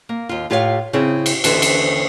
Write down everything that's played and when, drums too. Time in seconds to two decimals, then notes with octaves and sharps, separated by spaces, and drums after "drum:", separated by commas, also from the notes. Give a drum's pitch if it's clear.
0.09 A#3
0.29 D#2 F4
0.50 A2 F4 G4 C#5 D#5 F5
0.93 C#3 C4 E4 G#4
1.26 drum: cymbal
1.44 D#2 D3 E3 B4 C5, drum: cymbal
1.62 drum: cymbal